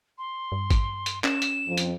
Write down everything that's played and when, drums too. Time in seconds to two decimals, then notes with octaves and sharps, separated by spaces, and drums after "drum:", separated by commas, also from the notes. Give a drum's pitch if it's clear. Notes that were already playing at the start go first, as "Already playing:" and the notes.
0.18 C6
0.52 G2
0.70 drum: kick A1, hi-hat
1.06 drum: hi-hat
1.24 C#4 E7, drum: clap
1.42 drum: hi-hat
1.67 F2
1.77 drum: hi-hat